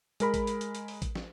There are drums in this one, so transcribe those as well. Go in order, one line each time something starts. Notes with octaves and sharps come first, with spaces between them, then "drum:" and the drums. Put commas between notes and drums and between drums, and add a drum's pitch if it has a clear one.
G#3 A#4 B5, drum: hi-hat
drum: kick A1, hi-hat
drum: hi-hat
drum: hi-hat
drum: hi-hat
drum: open hi-hat
drum: kick A1, hi-hat
drum: snare